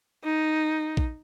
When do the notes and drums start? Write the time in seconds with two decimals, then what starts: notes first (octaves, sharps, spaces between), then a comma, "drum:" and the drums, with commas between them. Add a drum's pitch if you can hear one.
0.24 D#4
0.97 drum: kick A#1